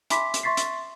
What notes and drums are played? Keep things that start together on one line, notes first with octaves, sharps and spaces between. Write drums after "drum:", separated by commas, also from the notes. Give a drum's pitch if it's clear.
E5 G#5 B5 C6 D6 B6, drum: hi-hat
drum: hi-hat
E5 C6 C#6 A6 B6 C7
drum: hi-hat